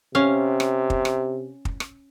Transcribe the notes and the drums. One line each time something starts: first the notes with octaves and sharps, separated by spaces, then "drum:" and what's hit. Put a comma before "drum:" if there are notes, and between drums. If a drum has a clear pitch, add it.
C3 C#4 F5
drum: rim click
drum: kick
drum: rim click
drum: kick
drum: rim click